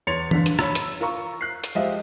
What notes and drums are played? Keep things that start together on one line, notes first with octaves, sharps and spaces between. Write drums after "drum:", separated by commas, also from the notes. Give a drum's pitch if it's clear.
E2 C#5 C6 A6 C#7 F7
G1 D3 B6, drum: tom E3
drum: hi-hat
C#5 B5 E6, drum: rim click
drum: hi-hat
F4 A#4 A#5 C#6
F#6 C7
drum: hi-hat
F3 G#3 F4 G4 D#5 E5